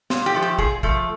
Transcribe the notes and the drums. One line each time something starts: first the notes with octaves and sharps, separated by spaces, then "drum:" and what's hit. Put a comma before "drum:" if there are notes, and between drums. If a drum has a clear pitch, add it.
A#2, drum: snare
G4
F3 A3
G4
A#2 G#4, drum: kick
F3 A3, drum: kick